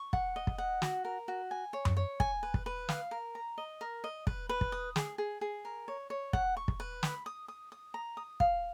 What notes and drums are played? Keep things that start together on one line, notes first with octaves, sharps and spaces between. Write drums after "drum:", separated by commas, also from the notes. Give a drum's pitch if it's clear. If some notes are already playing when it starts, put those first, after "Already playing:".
Already playing: C#6
F#5, drum: kick
D#5
drum: kick
F#5
F#4, drum: snare
A#4
F#4
G#5
C#5
drum: tom F#2
C#5
G#5, drum: kick
B4
drum: kick
B4
F5, drum: snare
A#4
A#5
D#5
A#4
D#5
B4, drum: kick
B4
drum: kick
D#6
G#4, drum: snare
G#4
G#4
A#4
C#5
C#5
F#5, drum: kick
C#6
drum: kick
B4
B5, drum: snare
D#6
D#6
D#6
A#5
D#6
F5, drum: kick